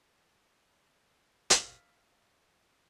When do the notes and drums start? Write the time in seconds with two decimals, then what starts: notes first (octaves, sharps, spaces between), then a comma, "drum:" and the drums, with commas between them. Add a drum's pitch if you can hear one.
1.50 E5 F5, drum: hi-hat